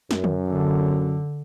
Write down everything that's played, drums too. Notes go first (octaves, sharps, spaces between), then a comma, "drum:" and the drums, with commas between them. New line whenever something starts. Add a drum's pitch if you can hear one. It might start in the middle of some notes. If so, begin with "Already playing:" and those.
F#2, drum: snare
drum: tom
D3